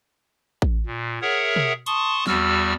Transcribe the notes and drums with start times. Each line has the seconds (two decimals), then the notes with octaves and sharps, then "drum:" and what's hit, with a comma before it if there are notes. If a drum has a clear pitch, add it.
0.62 drum: kick A1
0.86 A#2
1.21 G#4 A#4 C#5 E5 F#5
1.56 drum: tom
1.86 A5 C6 C#6 D#6, drum: hi-hat
2.27 E2 G3 F#4 E6 F6, drum: snare